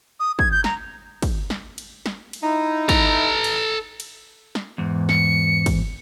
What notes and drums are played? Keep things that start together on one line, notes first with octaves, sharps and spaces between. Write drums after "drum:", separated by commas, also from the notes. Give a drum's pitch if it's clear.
D#6
G#6, drum: kick
G6
A#5, drum: snare
drum: kick, cymbal
drum: snare
drum: cymbal
drum: snare
drum: cymbal
D#4 E4
A4 A#5, drum: kick, cymbal
drum: cymbal
drum: cymbal
drum: snare
E2 G#2
C#7, drum: snare
drum: kick, cymbal